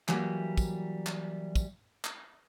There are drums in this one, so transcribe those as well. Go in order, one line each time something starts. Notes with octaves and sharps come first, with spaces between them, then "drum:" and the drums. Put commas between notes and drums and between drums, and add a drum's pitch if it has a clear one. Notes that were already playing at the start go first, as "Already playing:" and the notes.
E3 F#3 G3 A#3, drum: clap
drum: kick, tambourine
drum: clap
drum: kick, tambourine
drum: clap